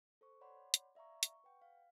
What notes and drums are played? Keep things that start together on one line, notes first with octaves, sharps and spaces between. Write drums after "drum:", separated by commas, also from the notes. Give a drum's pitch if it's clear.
A4 C5 C#6
C#5 D5 F#5 B5 C6 D6
drum: hi-hat
D5 E5 F5 A#5 C#6
C#6, drum: hi-hat
B4 F#5 G5
F5